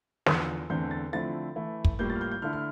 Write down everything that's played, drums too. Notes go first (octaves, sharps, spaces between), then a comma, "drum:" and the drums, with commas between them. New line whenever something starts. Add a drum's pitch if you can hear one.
E2 D3 F3, drum: snare
E2 D3 A3 C4 G6
A6
D3 F3 A3 C4 E4 A6
E3 A3 E4
drum: kick
A2 G3 A#3 F4 G6
A6
F6
G6
G6
D3 A3 E4 F6
F6